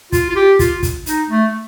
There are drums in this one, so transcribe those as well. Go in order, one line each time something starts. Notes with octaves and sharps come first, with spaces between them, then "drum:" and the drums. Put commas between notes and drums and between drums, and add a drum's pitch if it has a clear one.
F4, drum: kick, hi-hat
F4
G4
F4, drum: kick, hi-hat
drum: kick, hi-hat
D#4, drum: hi-hat
A3